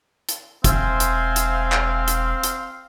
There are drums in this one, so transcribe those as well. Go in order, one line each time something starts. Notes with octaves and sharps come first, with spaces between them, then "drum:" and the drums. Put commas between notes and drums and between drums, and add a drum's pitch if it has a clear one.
drum: hi-hat
E1 C4 C5 E5 F5 G#5, drum: kick, hi-hat
drum: hi-hat
drum: hi-hat
drum: clap
drum: hi-hat
drum: hi-hat